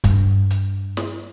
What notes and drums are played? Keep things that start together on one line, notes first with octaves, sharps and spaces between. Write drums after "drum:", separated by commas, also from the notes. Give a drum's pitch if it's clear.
G2, drum: kick, hi-hat
drum: hi-hat
drum: snare